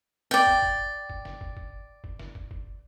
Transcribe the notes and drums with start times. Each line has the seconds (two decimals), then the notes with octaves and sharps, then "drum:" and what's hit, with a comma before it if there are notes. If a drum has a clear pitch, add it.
0.31 D5 G5, drum: snare
0.47 drum: kick
0.62 drum: kick
1.10 drum: kick
1.25 drum: snare
1.41 drum: kick
1.57 drum: kick
2.04 drum: kick
2.19 drum: snare
2.35 drum: kick
2.51 drum: kick